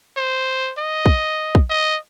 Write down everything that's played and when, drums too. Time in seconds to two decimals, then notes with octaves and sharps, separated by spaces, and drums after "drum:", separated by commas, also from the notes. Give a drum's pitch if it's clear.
0.17 C5
0.78 D#5
1.06 drum: kick
1.55 drum: kick
1.70 D#5